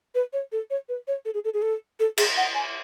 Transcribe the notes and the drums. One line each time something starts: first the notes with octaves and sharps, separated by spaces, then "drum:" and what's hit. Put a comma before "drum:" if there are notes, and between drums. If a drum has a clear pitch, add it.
B4
C#5
A4
C#5
B4
C#5
A4
G#4
A4
G#4
A4
A4
G#4, drum: cymbal
F#5
G#5